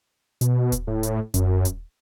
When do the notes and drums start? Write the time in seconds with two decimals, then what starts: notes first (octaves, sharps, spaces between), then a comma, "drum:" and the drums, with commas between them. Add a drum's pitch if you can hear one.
0.41 B2, drum: hi-hat
0.72 drum: kick D#1, hi-hat
0.87 A2
1.03 drum: hi-hat
1.34 F#2, drum: kick D#1, hi-hat
1.65 drum: hi-hat